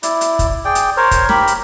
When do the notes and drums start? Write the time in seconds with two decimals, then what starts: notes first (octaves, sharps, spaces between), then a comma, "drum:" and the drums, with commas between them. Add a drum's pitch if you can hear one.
0.03 E4 D5, drum: hi-hat
0.21 drum: hi-hat
0.39 drum: kick, hi-hat
0.65 G#4 D5 G5
0.75 drum: hi-hat
0.97 A#4 C5 C#5
1.11 drum: kick, hi-hat
1.29 G4 A#4 B5, drum: snare
1.47 drum: hi-hat